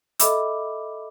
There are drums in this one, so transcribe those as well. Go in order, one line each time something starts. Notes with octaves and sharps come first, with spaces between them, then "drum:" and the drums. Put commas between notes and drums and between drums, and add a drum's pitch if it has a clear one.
A4 D#5 E5 B5 D6 E6, drum: hi-hat